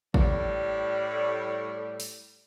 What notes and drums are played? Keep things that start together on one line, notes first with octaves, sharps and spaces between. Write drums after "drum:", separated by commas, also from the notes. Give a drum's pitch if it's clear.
A2 G3, drum: kick
drum: open hi-hat